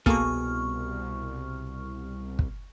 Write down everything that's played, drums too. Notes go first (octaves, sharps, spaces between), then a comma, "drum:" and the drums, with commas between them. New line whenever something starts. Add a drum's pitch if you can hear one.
C2 B2 A#3 G#4 A4 C#6 F6, drum: kick
drum: kick